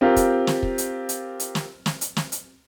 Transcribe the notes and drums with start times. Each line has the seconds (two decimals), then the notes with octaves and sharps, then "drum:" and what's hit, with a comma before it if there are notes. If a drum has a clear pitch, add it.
0.01 C4 F4 G4 A#4
0.16 drum: kick, hi-hat
0.47 drum: snare
0.63 drum: kick
0.78 drum: hi-hat
1.09 drum: hi-hat
1.40 drum: hi-hat
1.55 drum: snare
1.86 drum: snare
2.01 drum: hi-hat
2.17 drum: snare
2.32 drum: hi-hat